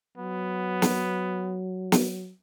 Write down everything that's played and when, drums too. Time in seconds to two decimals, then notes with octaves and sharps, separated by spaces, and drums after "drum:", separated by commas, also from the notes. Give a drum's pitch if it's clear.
0.18 F#3 B3
0.82 drum: snare
1.92 drum: snare